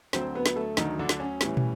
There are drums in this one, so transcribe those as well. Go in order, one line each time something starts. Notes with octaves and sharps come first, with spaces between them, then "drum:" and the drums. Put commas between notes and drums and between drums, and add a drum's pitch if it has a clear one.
D2 D3 F#3 C4 C5, drum: snare
B3 B4
drum: snare
A3 A4
D2 D3 D#3 F#3 D#4, drum: snare
D3 D4
drum: snare
C#4
A2 E3 G3, drum: snare
drum: tom